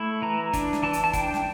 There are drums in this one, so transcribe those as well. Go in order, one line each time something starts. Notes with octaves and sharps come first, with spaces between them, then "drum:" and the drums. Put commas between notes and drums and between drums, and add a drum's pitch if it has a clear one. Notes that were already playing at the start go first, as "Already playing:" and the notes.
Already playing: A3 E4
E3 A#5
D4, drum: kick, hi-hat
drum: snare
E3 A5
drum: hi-hat
A5
D4 G5, drum: kick, hi-hat
drum: snare